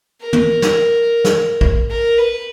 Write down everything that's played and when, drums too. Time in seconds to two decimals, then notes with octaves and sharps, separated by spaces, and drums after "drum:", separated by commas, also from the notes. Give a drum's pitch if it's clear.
0.21 A#4
0.33 drum: tom
0.62 drum: snare
1.24 drum: snare
1.61 drum: kick
1.89 A#4
2.18 B4